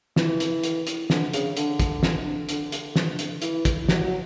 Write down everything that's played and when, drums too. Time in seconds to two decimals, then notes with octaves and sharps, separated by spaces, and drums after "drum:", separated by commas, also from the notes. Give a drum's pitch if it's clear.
0.16 E3, drum: snare
0.40 drum: hi-hat
0.63 drum: hi-hat
0.87 drum: hi-hat
1.10 D3, drum: snare
1.33 C#3, drum: hi-hat
1.57 D3, drum: hi-hat
1.80 drum: kick, hi-hat
2.03 drum: snare
2.49 D3, drum: hi-hat
2.72 drum: hi-hat
2.96 drum: snare
3.19 drum: hi-hat
3.42 E3, drum: hi-hat
3.65 drum: kick, hi-hat
3.88 F#3, drum: snare
4.04 F#3